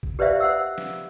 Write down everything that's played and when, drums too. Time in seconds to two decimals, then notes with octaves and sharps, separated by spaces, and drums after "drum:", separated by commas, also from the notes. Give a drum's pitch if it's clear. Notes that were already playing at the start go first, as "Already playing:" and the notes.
0.03 drum: kick
0.19 G4 B4 C5 D5 E5 F5
0.40 C5 F#5 E6
0.78 drum: snare